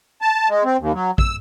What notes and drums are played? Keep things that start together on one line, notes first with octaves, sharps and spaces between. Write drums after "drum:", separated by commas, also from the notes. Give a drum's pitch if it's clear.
A5
G#3
C4
D#2
F#3
E6, drum: kick